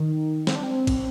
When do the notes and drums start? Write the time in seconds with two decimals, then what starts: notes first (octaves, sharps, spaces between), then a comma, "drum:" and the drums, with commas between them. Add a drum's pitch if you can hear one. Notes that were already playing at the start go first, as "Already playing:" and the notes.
Already playing: D#3
0.47 C4, drum: snare
0.55 D4
0.64 C4
0.87 drum: kick, cymbal